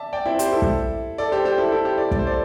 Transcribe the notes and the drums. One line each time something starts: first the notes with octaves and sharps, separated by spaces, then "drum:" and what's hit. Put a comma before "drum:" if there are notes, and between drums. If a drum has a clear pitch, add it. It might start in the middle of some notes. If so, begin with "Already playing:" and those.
Already playing: D5 E5 A5
D5 G5
C4 E4
G4 C5, drum: hi-hat
E4 A4
drum: kick
A4 D5
G4 C5
G4 C5
E4 A4
E4 A4
G4 C5
A4 D5
D5, drum: kick
C5
A4 D5